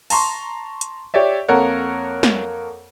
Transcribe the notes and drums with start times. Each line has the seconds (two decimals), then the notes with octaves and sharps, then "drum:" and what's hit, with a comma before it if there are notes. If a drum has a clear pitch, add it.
0.10 A5 A#5 C6 C#6, drum: open hi-hat
0.81 drum: hi-hat
1.14 G4 C#5 D5 E5
1.48 F2 A#3 A4 A#4 C#5 F#5
2.23 drum: snare